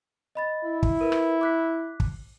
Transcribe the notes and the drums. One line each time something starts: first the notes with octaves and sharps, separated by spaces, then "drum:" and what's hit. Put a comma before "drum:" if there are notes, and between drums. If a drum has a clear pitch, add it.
D#5 B5 A6
E4
drum: kick
A#4 B4
drum: rim click
D6 F#6 B6
drum: kick